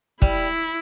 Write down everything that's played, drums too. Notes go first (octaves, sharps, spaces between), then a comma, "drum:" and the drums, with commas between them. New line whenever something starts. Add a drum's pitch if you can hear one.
G3 E4, drum: kick